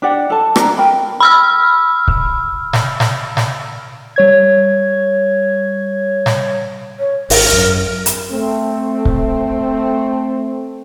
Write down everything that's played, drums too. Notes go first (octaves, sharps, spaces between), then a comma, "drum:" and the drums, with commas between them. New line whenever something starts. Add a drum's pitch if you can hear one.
D4 G4 D5 F#5
A4 A5
D4 A#4, drum: rim click
A#4 G5 B5
B5 E6 F6
drum: kick C#1
drum: snare
drum: snare
drum: snare
G3 C#5 G#6
drum: snare
C#5
G#1 A#4, drum: open hi-hat
F#2
drum: hi-hat
A3 C4
drum: kick C#1